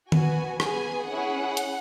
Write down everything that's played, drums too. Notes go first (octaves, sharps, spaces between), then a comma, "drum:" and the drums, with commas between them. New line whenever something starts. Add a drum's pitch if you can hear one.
B3 F#4 G#5, drum: tom D#3
B3 G#4 G#5, drum: rim click
C#4 E4 G#4 F#5
drum: hi-hat